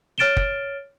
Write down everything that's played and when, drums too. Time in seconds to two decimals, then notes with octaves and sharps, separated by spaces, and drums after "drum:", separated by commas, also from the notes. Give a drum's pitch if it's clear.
0.18 C#5 F6 A6 D7 E7 G7
0.37 drum: kick